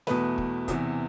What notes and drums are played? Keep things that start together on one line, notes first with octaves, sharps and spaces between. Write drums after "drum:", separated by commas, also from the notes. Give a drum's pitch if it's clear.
E2 B2 A3 B4, drum: snare
drum: kick
E2 C3 E3, drum: kick, hi-hat